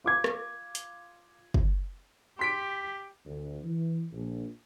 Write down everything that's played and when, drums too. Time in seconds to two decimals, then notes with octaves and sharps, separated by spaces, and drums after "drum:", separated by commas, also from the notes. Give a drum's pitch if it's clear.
0.04 F4 D6 G#6
0.24 drum: rim click
0.75 drum: hi-hat
1.54 drum: kick
2.39 G4 C6 B6 D7
3.26 D2
3.64 E3
4.12 A#1